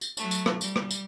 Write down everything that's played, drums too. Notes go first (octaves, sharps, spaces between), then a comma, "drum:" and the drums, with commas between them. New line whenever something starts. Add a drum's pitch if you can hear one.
drum: tambourine
F#3 A3, drum: tambourine
drum: tambourine
drum: rim click
G3, drum: tambourine
drum: rim click
drum: tambourine